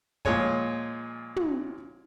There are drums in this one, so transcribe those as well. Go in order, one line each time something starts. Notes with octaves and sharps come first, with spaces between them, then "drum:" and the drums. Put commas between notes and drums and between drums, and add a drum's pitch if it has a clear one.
A#2 F3 G#3 C#5 G#5, drum: kick
drum: tom